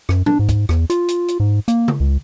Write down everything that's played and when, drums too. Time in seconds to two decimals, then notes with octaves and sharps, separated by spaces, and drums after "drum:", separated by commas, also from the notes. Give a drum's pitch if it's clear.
0.09 F#2, drum: rim click
0.26 D4, drum: tom A2
0.39 G#2
0.49 drum: kick, hi-hat
0.69 E2, drum: rim click
0.90 F4, drum: hi-hat
1.08 drum: hi-hat
1.28 drum: hi-hat
1.40 G#2
1.68 A#3, drum: hi-hat
1.88 drum: tom C#3
2.00 C#2